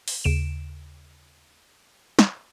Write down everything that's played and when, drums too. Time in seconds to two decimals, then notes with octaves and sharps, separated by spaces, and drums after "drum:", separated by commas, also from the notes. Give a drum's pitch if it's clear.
0.08 drum: open hi-hat
0.24 D#2 C#3 D7 E7
2.19 drum: snare